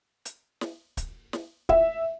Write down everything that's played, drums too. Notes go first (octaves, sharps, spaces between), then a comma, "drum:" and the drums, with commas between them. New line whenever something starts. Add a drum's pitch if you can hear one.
drum: hi-hat
drum: snare
drum: kick, hi-hat
drum: snare
E5, drum: kick